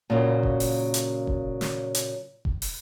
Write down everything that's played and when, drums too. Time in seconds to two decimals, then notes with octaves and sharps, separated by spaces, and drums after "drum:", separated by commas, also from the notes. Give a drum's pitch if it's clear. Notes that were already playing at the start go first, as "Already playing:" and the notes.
0.10 A#2 C#3 F#3 A#3
0.43 drum: kick F1
0.60 drum: open hi-hat
0.94 drum: hi-hat
1.27 drum: kick F1
1.61 drum: snare
1.95 drum: hi-hat
2.45 drum: kick F1
2.62 drum: open hi-hat